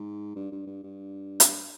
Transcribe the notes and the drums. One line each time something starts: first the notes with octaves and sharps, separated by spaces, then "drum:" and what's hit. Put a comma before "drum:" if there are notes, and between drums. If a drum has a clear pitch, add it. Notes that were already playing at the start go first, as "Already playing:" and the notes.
Already playing: G#2
G2
G2
G2
G2
drum: hi-hat